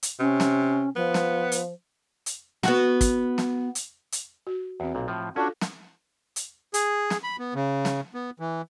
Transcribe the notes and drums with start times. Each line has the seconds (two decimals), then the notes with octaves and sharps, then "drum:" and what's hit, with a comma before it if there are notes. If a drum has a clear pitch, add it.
0.03 drum: hi-hat
0.20 C3 C#4
0.40 drum: snare
0.96 F3 B3
1.14 drum: snare
1.52 drum: hi-hat
2.26 drum: hi-hat
2.63 B3 F#4, drum: snare
3.01 drum: kick, hi-hat
3.38 drum: snare
3.75 drum: hi-hat
4.12 drum: hi-hat
4.47 F#4
4.80 E2 C4 F#4
4.95 B1 A#2 F5
5.08 A2 F3
5.36 C#4 D4 F4 F#4 A4 F5
5.61 drum: snare
6.36 drum: hi-hat
6.74 G#4, drum: hi-hat
7.10 drum: snare
7.23 B5
7.39 B3
7.55 C#3
7.85 drum: snare
8.14 B3
8.40 E3